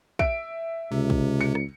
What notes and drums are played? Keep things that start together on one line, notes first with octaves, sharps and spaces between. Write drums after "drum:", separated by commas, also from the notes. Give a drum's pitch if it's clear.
E5 D7, drum: kick
C#2 C3
drum: kick
C#7
drum: rim click